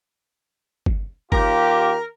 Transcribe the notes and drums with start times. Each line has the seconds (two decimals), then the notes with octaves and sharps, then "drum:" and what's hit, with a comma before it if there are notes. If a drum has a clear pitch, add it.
0.86 drum: kick G1
1.32 D#2 F4 G4 A#4, drum: kick G1